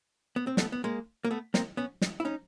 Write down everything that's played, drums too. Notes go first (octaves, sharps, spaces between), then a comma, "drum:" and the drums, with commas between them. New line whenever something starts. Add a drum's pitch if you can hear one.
B3
C4
A3 B3, drum: snare
B3
G#3 A#3
A#3
A3 B3
A#3 C4, drum: snare
B3 C#4
drum: snare
E4
C#4 D#4